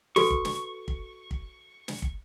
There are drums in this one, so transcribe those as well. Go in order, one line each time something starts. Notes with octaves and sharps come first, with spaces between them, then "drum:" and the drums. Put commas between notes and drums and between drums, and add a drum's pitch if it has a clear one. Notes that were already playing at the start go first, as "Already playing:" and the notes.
F#4 A4 B4 C#6, drum: snare
drum: kick
drum: snare
drum: kick
drum: kick
drum: snare
drum: kick